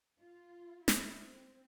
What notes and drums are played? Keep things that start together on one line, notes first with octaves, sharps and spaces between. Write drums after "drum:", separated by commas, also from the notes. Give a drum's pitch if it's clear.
F4
E4, drum: snare
C4